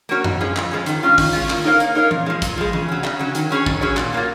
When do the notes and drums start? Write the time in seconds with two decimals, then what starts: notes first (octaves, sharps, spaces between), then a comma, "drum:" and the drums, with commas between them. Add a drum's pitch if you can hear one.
0.09 A#3 C#4 F#4 C#5
0.24 F2, drum: tom F#2
0.41 F3 G#3 C#4
0.56 F2, drum: clap
0.71 F3 G#3 C#4
0.86 D#3, drum: hi-hat
1.03 G#3 C#4 F4
1.18 D#3, drum: kick, open hi-hat
1.33 G#3 C#4 F4
1.49 A#3, drum: clap
1.64 D#4 A#4 C#5 F5
1.80 A#3, drum: hi-hat
1.95 D#4 A#4 C#5 F5
2.11 A#2, drum: tom E3
2.26 F3 G#3
2.42 A#2, drum: kick, hi-hat
2.58 F3 G#3
2.73 C#3, drum: tom E3
2.88 F#3 C#4
3.04 C#3, drum: clap
3.19 F#3 C#4
3.35 D#3, drum: hi-hat
3.51 F#3 C#4 G#4 C#5
3.66 D#3, drum: kick
3.81 F#3 C#4 G#4 C#5
3.97 A#2, drum: clap
4.13 F#3 A#3 F4